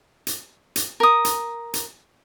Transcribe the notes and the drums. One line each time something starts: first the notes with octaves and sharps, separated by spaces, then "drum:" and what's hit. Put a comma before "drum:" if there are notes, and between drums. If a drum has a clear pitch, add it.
drum: hi-hat
drum: hi-hat
A#4 D#6
drum: hi-hat
drum: hi-hat